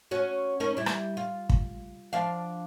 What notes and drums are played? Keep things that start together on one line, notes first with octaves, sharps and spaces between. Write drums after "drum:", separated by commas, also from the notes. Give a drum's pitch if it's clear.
C#4 F#4
C#4 D#4 A#4
G3 E4
drum: rim click
F4
drum: kick
F3 D4 F5